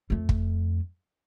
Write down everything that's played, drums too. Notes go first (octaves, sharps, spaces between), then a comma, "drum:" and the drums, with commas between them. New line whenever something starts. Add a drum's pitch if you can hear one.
F2 A3
drum: kick